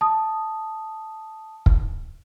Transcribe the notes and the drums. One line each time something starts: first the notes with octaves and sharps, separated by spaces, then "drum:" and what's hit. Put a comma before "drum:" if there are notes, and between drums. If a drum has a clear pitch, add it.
A5 D#6
drum: kick